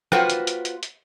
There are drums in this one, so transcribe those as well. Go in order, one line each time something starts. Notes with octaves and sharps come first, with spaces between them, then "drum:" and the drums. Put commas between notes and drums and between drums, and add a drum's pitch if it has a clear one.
A#3 F4 F#4 B4 C5 G5, drum: rim click
drum: hi-hat
drum: hi-hat
drum: hi-hat
drum: hi-hat